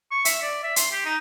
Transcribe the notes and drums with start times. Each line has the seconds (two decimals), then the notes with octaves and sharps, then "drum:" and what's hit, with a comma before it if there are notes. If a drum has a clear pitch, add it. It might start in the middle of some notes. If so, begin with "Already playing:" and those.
0.11 C#6
0.25 E5, drum: hi-hat
0.42 D5
0.63 E5
0.76 C6, drum: hi-hat
0.91 G4
1.05 D#4